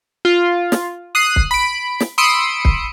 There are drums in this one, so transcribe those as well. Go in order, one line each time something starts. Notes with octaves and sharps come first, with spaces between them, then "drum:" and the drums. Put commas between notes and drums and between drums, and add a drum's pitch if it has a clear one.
F4
drum: snare
D#6 F#6 C7
drum: kick
B5 D7
drum: snare
B5 C6 D#6 E6 C#7 D7
drum: kick